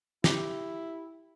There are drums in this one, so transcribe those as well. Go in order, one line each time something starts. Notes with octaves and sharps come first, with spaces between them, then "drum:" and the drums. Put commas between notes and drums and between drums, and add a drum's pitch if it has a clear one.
E4 G4, drum: snare